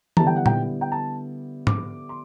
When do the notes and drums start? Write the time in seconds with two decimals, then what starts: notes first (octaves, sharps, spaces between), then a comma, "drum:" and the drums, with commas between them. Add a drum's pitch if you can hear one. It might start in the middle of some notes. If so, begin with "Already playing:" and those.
0.17 D3 G3 B3 E4 A5, drum: tom E3
0.27 G5
0.36 F#5
0.46 G5, drum: tom A#2
0.81 G5
0.92 A5
1.67 D6, drum: tom G#2
2.09 C6